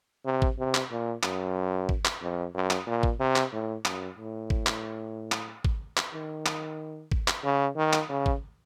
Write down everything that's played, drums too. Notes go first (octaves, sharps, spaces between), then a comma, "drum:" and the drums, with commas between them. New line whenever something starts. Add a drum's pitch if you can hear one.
C3
drum: kick G#1
C3
drum: clap
A#2
F#2, drum: clap
drum: kick G#1
drum: clap
F2
F#2
drum: clap
A#2
drum: kick G#1
C3
drum: clap
A2
F#2, drum: clap
A2
drum: kick G#1
drum: clap
drum: clap
drum: kick G#1
drum: clap
D#3
drum: clap
drum: kick G#1
drum: clap
C#3
D#3
drum: clap
C#3
drum: kick G#1